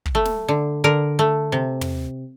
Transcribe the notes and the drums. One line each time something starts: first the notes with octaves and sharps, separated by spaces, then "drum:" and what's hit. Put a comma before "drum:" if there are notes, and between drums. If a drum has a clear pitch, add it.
drum: kick
A3
drum: snare
D3
D3 A#4
A3
C3
drum: tom